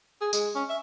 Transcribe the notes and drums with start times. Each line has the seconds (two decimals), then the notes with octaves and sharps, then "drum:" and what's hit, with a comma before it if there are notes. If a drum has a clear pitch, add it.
0.21 G#4
0.33 G#3, drum: tambourine
0.55 C#4
0.69 E5